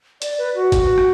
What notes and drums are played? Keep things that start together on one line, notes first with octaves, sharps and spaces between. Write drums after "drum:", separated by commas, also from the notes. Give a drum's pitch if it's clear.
D5, drum: hi-hat
B4
F#4
drum: kick, hi-hat
drum: rim click